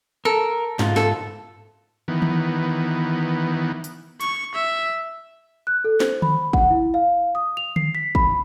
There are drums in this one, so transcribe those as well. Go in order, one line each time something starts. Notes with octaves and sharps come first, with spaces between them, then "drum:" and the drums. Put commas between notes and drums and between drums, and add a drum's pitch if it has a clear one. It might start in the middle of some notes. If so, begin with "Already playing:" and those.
A4 A#4
G#2 F4, drum: snare
A4, drum: snare
D#3 E3 B3
drum: tom
drum: hi-hat
C#6, drum: hi-hat
E5
F#6
A4
C5, drum: snare
B5, drum: tom D3
F#5, drum: kick
E4
F5
D#6
F7
C7, drum: tom D3
B6
B5, drum: kick